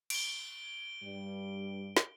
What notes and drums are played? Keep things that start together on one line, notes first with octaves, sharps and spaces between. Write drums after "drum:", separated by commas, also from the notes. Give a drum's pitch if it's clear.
D7 G7, drum: cymbal
G2 G3
drum: snare